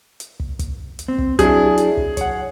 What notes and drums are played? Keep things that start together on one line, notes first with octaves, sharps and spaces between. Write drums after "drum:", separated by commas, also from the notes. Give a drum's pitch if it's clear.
drum: hi-hat
drum: kick
drum: kick, hi-hat
drum: hi-hat
C4
drum: kick
F#3 D4 E4 G#4, drum: kick, hi-hat
drum: hi-hat
drum: kick
C#5 F#5, drum: kick, hi-hat